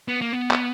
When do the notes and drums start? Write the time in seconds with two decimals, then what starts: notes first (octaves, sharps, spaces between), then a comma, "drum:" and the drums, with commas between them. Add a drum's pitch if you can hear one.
0.08 B3
0.22 A#3
0.33 B3
0.51 drum: clap